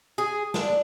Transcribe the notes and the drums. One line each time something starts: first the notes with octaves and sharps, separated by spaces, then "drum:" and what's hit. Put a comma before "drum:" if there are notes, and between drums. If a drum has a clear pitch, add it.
G#4
D4, drum: snare